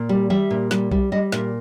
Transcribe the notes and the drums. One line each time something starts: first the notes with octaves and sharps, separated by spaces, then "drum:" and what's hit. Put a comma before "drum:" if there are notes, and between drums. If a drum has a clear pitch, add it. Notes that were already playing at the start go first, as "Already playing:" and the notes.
Already playing: A#2
G3
G3 E5, drum: tom D#3
A#2
G3, drum: snare
G3, drum: kick B1
G3 D#5
A#2 E5, drum: snare